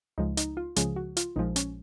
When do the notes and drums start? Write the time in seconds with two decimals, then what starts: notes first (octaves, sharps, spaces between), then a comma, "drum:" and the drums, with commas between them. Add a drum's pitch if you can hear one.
0.18 C#2 C#3 F3 G#3 D#4
0.37 D#4, drum: hi-hat
0.57 F4
0.76 C#2 C#3 F3 G#3 G#4, drum: hi-hat
0.96 F#4
1.17 F4, drum: hi-hat
1.36 A#1 A#2 F3 G#3 D#4
1.56 C#4, drum: hi-hat